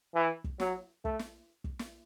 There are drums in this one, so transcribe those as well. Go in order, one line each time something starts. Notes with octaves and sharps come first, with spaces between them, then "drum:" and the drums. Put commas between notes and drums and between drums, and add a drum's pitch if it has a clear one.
E3
drum: kick
F#3, drum: snare
A3, drum: kick
drum: snare
drum: kick
drum: snare